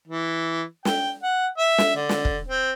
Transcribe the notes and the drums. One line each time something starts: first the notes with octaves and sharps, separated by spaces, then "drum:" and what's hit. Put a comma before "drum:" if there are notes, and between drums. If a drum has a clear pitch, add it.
E3
G5, drum: snare
F#5
E5
drum: snare
D3
drum: snare
drum: kick
C4